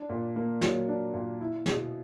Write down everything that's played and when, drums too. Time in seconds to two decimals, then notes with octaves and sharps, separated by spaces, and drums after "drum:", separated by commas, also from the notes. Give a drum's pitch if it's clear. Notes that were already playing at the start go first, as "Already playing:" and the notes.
Already playing: D4
0.09 A#2
0.36 A#3
0.61 F#3, drum: snare
0.88 D4
1.14 A#2
1.41 E4
1.66 B2, drum: snare